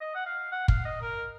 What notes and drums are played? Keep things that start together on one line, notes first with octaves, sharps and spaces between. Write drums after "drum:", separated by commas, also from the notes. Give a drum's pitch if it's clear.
D#5
F#5
F5
F#5
F5, drum: kick
D#5
A#4